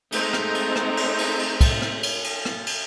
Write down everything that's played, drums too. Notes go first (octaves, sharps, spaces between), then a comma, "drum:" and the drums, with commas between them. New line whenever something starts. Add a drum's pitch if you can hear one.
G#3 A3 C4 D#4 A#5, drum: cymbal
drum: rim click
drum: cymbal
drum: rim click
drum: cymbal
drum: cymbal
drum: cymbal
drum: kick, cymbal
drum: rim click
drum: cymbal
drum: cymbal
drum: rim click
drum: cymbal